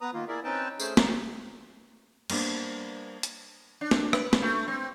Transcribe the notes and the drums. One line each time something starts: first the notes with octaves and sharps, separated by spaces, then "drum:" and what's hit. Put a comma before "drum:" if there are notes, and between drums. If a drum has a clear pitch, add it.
B3 B4 A#5 D#6
D#3 A#3 F4
E4 G#4 A#4 D5 E5
C4 C#4 D#4 B4 G5 A5
A3 C#4 G#4 C5, drum: tambourine
A#3 D#4 F4, drum: snare
G3 A#3 B3 D4 C5, drum: cymbal
drum: hi-hat
D4
drum: snare
B4, drum: rim click
drum: snare
A3
C4